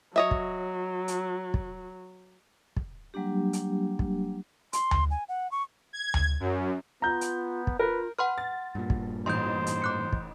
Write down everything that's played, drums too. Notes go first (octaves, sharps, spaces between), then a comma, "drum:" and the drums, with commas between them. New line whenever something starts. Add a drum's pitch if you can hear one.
F#3 C#5 D#5 E5
drum: kick
drum: hi-hat
drum: kick
drum: kick
F#3 G3 A#3 D4 G4
drum: hi-hat
drum: kick
C6, drum: hi-hat
drum: tom D2
G#5
F#5
C#6
G#6
drum: tom D2
F#2
B3 F4 A#5 G6
drum: hi-hat
drum: kick
F4 A#4 B4
B4 F#5 C6 F6
A6
G2 A#2
drum: kick
A1 D#4 C5 C6 G6
drum: hi-hat
D6 F#6 C#7
drum: kick